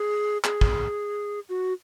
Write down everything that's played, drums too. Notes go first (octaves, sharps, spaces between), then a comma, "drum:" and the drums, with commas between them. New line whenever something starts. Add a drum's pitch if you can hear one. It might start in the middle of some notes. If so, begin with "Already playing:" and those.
Already playing: G#4
G#4, drum: clap
drum: kick
F#4